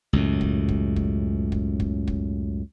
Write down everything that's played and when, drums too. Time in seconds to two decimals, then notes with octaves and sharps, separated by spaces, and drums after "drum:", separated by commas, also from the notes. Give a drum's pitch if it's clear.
0.13 C#2 F#2 A2
0.41 drum: kick
0.69 drum: kick
0.96 drum: kick
1.52 drum: kick
1.80 drum: kick
2.07 drum: kick